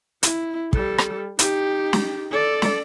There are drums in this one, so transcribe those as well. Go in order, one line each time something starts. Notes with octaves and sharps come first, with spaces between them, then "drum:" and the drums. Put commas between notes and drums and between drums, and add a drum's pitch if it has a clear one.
E4, drum: hi-hat
G3 A4, drum: kick
drum: rim click
D#4 G4, drum: hi-hat
drum: snare
A4 D5
drum: snare